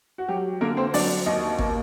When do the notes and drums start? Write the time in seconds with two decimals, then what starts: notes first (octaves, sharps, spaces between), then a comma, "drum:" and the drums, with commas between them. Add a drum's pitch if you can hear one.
0.18 F#4
0.28 F#3 G4
0.61 D3 A#3 A#4
0.77 C4 C5
0.94 F#3 D4 D5, drum: open hi-hat
1.26 D#2 D#4 D#5
1.58 A#3, drum: kick G#1